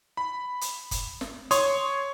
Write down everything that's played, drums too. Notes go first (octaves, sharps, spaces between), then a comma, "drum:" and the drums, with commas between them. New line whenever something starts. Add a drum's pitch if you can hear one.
B5
drum: hi-hat
drum: kick, hi-hat
drum: snare
C#5 C6 C#6 D#6, drum: hi-hat